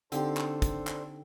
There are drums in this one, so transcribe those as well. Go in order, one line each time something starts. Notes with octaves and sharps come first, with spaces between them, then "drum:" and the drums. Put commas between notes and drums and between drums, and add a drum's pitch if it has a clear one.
D3 C4 D4 D#4 G4 A4 C5 G5, drum: hi-hat
drum: clap
drum: kick, hi-hat
drum: clap